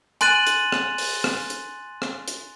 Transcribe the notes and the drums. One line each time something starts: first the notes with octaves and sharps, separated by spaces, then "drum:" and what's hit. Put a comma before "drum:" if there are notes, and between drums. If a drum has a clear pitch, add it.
G#5 C6 F#6 A6 D#7 F#7, drum: hi-hat
drum: hi-hat
drum: rim click
drum: open hi-hat
drum: rim click
drum: hi-hat
drum: rim click
drum: hi-hat